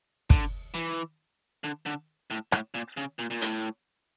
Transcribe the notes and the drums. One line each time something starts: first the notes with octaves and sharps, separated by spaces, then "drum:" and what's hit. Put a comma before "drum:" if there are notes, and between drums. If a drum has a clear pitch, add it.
D3, drum: kick
E3
D3
D3
A2
A2, drum: rim click
A#2
C#3
A#2
A#2
A2, drum: hi-hat